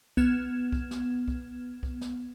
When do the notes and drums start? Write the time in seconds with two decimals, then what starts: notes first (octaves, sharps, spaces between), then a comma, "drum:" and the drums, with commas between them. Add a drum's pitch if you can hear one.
0.17 B3 F6 G#6 E7, drum: kick C2
0.72 drum: kick C2
0.91 drum: snare
1.28 drum: kick C2
1.83 drum: kick C2
2.01 drum: snare